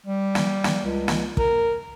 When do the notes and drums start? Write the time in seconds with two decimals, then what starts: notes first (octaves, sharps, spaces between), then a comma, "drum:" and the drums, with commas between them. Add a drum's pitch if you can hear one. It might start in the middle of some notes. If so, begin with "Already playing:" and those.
0.06 G3
0.35 drum: snare
0.64 drum: snare
0.85 C#2
1.08 drum: snare
1.37 A#4, drum: kick